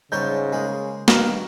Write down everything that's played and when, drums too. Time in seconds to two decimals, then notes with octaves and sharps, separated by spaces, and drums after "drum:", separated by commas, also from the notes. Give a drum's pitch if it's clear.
0.12 G#2 C#3 G3 C#5 A5 G6
0.52 G#3 A#3 G#4
1.08 G2 D#3 A#3 F#4, drum: snare